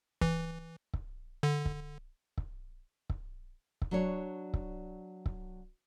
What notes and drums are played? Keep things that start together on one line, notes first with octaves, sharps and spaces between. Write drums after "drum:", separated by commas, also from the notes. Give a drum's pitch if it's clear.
E3, drum: kick C#1
drum: kick C#1
D3
drum: kick C#1
drum: kick C#1
drum: kick C#1
drum: kick C#1
F#3 D4 C#5
drum: kick C#1
drum: kick C#1